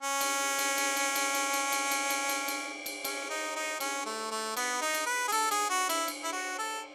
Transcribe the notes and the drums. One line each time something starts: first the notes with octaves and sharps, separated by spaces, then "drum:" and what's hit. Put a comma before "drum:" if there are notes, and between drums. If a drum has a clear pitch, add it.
C#4
drum: cymbal
drum: cymbal
drum: cymbal
drum: cymbal
drum: cymbal
drum: cymbal
drum: cymbal
drum: cymbal
drum: cymbal
drum: cymbal
drum: cymbal
drum: cymbal
drum: cymbal
C#4, drum: cymbal
D#4
D#4
C#4, drum: cymbal
A3
A3
B3, drum: cymbal
D#4
drum: cymbal
B4
G#4
A4, drum: cymbal
G#4, drum: cymbal
F#4
E4, drum: cymbal
drum: cymbal
E4
F#4
A4